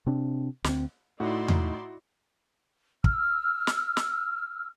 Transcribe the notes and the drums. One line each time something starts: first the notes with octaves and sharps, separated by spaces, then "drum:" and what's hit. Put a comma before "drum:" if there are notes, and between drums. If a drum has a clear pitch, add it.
C3 C4 D4
D2 C4, drum: snare
A2 D#4 E4 F#4 D5 C6
drum: tom E2
E6 F6, drum: kick
drum: snare
drum: snare